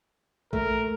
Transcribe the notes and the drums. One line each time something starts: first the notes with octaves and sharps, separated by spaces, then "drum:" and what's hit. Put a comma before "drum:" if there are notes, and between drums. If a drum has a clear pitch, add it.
A3 A#4, drum: kick A#1